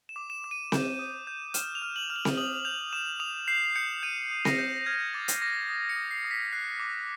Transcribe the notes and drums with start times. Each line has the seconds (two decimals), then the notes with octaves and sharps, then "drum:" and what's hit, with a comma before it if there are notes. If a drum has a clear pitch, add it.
0.09 E7
0.16 D6
0.30 E7
0.44 D6
0.51 D#7
0.72 G6, drum: snare C4
0.99 D#6
1.27 G6
1.54 F6 E7, drum: hi-hat
1.75 F7
1.82 F6
1.96 F#7
2.10 F6
2.16 F#7
2.25 drum: snare C4
2.37 D#6 F#7
2.65 G6 F7
2.93 D#6 E7
3.20 D#6 F7
3.47 G6 C7
3.75 G6 C#7
4.03 G6 D#7
4.31 D#6
4.45 A#6, drum: snare C4
4.59 G6
4.86 F6 G#6
5.13 D6 A6
5.28 drum: hi-hat
5.42 D6 A#6
5.69 D#6
5.89 C#7
5.96 D#6
6.11 C7
6.25 D#6
6.31 B6
6.53 F#6 C7
6.80 D6